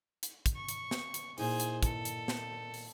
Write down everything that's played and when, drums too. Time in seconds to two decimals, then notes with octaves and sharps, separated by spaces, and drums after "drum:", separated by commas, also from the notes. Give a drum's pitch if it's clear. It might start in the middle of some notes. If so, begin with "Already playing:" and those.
0.23 drum: hi-hat
0.46 drum: kick, hi-hat
0.56 C#6
0.68 drum: hi-hat
0.91 drum: snare
1.14 drum: hi-hat
1.38 A#2 D#4 E4 G#4 C5, drum: open hi-hat
1.60 drum: hi-hat
1.83 A4, drum: kick, hi-hat
2.05 drum: hi-hat
2.28 drum: snare
2.74 drum: open hi-hat